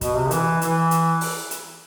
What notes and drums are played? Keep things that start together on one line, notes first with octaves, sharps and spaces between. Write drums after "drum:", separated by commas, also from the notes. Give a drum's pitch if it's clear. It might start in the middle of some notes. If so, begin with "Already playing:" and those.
B2, drum: kick, hi-hat
C3
E3, drum: hi-hat
E3, drum: hi-hat
drum: hi-hat
drum: open hi-hat
drum: hi-hat